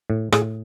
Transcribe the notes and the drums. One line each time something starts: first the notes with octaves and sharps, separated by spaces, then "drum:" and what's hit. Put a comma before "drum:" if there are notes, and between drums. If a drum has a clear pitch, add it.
A2
A2 G#4, drum: rim click